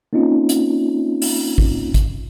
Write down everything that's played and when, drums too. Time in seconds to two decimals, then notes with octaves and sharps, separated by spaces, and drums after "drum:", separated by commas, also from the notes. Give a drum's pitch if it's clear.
0.13 A#3 C4 C#4 D#4 F4
0.49 drum: hi-hat
1.22 drum: open hi-hat
1.58 drum: kick G#1
1.94 drum: kick G#1, hi-hat